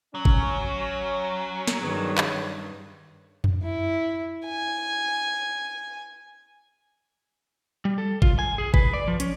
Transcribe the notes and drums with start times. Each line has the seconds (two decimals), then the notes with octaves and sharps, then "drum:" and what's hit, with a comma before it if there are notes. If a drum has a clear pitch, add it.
0.15 F#3 C#4
0.25 drum: kick G#1
1.67 drum: snare
1.82 G2 D#3 G#4 B4 C#5
2.18 drum: clap
3.44 drum: tom F2
3.63 E4
4.46 G#5
7.85 G3
7.98 A4
8.22 F4, drum: kick G#1
8.39 G#5
8.58 G#4
8.74 B4, drum: kick G#1
8.93 D5
9.08 F3
9.20 C#4, drum: hi-hat